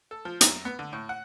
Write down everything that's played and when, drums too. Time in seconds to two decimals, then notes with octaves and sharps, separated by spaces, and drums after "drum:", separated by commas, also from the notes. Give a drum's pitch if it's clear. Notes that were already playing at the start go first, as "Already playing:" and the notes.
0.11 A4
0.25 F3
0.41 F#2, drum: hi-hat
0.65 B3
0.79 D3
0.93 A2
1.09 F#5